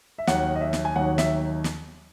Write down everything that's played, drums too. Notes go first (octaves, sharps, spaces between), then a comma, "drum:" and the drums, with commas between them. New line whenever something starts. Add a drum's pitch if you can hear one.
E5
D#2 D#3 F#3 F#5, drum: snare
D#5
E5
drum: snare
G#5
D#2 D#3 F#3 F#5
E5, drum: snare
drum: snare